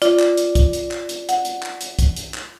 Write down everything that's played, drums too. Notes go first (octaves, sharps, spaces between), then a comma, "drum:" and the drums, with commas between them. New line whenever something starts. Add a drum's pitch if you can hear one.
F4 D5, drum: hi-hat
drum: clap
drum: hi-hat
drum: kick B1, hi-hat
drum: hi-hat
drum: clap
drum: hi-hat
F#5, drum: hi-hat
drum: hi-hat
drum: clap
drum: hi-hat
drum: kick B1, hi-hat
drum: hi-hat
drum: clap